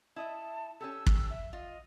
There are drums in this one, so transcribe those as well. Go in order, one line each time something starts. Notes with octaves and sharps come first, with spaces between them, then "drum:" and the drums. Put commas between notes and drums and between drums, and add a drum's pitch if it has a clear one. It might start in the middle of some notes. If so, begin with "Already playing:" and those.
E4 D#5 E5 A5
C#4 G4 A4 E6
drum: kick
E5
F4 D#5